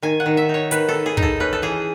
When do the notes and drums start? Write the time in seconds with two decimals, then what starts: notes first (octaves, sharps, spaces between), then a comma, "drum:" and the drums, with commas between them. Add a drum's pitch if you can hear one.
0.02 D#3 G#5
0.20 F#5
0.26 D#3
0.37 E5
0.49 D#4
0.54 C#5
0.71 D#3 B4, drum: hi-hat
0.89 A4
0.94 D#3
1.06 G#4
1.17 D#4, drum: kick
1.22 A4
1.40 C#4 B4
1.53 A4
1.62 E3 G#4